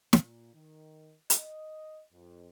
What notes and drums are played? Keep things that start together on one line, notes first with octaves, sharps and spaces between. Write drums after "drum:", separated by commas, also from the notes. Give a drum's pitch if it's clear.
A#2, drum: snare
D#3
D#5, drum: hi-hat
F2